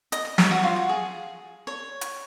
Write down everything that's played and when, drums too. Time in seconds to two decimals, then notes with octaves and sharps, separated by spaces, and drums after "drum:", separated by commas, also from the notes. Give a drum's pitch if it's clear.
0.12 D#5, drum: hi-hat
0.25 D#5
0.38 C#5, drum: snare
0.51 F#4
0.63 F4
0.76 F#4
0.89 G#4
1.67 C#5
2.01 drum: hi-hat